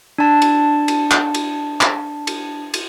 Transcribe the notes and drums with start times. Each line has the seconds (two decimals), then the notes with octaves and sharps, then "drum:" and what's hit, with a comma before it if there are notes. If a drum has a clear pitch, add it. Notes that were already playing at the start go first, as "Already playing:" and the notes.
0.18 D4 A5
0.42 drum: cymbal
0.88 drum: cymbal
1.11 drum: clap
1.34 drum: cymbal
1.81 drum: clap
2.27 drum: cymbal
2.74 drum: cymbal